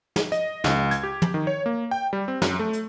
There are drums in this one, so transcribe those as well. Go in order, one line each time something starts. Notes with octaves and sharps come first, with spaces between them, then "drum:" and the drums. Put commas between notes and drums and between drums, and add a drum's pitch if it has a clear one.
drum: snare
D#5, drum: hi-hat
C#2, drum: snare
G#6, drum: hi-hat
G4
drum: tom
D#3
C#5
A#3
G5
G3
C4
F#2, drum: snare
A3
drum: hi-hat